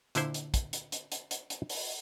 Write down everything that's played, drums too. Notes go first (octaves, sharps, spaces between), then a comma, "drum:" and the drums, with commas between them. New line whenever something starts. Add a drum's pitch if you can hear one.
A#2 D3 E4 C5, drum: hi-hat
drum: hi-hat
drum: kick, hi-hat
drum: hi-hat
drum: hi-hat
drum: hi-hat
drum: hi-hat
drum: hi-hat
drum: open hi-hat